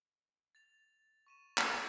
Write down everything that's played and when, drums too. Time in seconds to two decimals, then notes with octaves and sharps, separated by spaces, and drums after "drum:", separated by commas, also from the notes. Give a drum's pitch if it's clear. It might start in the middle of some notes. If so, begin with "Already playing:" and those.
0.55 A6 F7
1.27 C#6 D#7 E7
1.58 A#2, drum: clap